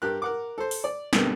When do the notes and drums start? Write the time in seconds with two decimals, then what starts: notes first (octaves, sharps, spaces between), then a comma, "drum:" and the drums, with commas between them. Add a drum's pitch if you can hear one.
0.02 G2 G4 A#4 F#6
0.22 A#4 F#5 D6
0.58 A4 C5
0.71 drum: open hi-hat
0.84 D5
1.13 G2 B2 D3 G3 A#3 C4, drum: snare